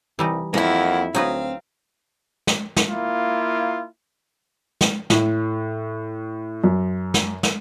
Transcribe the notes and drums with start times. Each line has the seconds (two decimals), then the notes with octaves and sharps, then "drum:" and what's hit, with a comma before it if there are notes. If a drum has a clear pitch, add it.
0.19 C2 E3 G3 D#4
0.54 F2 A#3 E4 F#4
1.15 D2 F#3 C4 D#4 B4 F5
2.47 drum: snare
2.77 drum: snare
2.89 A#3 E4 F4
4.81 drum: snare
5.10 A2, drum: snare
6.64 F#2
7.14 drum: snare
7.43 drum: snare